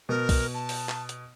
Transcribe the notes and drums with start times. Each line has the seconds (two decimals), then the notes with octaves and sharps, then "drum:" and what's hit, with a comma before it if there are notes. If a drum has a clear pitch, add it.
0.09 B2 A#4
0.29 drum: kick B1, open hi-hat
0.54 A5
0.69 drum: open hi-hat
0.89 drum: clap
1.09 drum: hi-hat